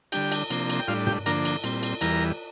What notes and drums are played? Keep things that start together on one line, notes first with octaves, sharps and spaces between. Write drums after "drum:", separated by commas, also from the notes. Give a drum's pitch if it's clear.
D3 G3 D4 G4 G5, drum: cymbal
drum: cymbal
C3 F3 A#3 D4, drum: cymbal
drum: cymbal
G5
A2 G3 D4 F4 F5
G4 G5, drum: tom
D3 F3 A#3 D4 A#4 A#5, drum: cymbal
drum: cymbal
A#2 G3 C4, drum: cymbal
drum: cymbal
E2 E3 G3 A#4 A#5, drum: cymbal